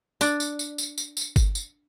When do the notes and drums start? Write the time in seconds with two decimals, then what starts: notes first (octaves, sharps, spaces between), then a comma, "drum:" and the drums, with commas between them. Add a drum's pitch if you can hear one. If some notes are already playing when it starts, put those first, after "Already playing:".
0.21 D4 D5, drum: tambourine
0.40 drum: tambourine
0.59 drum: tambourine
0.78 drum: tambourine
0.98 drum: tambourine
1.17 drum: tambourine
1.36 drum: kick G1, tambourine
1.55 drum: tambourine